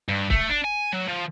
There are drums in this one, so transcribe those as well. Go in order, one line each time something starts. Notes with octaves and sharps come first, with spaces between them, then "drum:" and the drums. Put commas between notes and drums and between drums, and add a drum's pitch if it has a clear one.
G2
A3, drum: kick C#1
D4
G#5
F#3
F3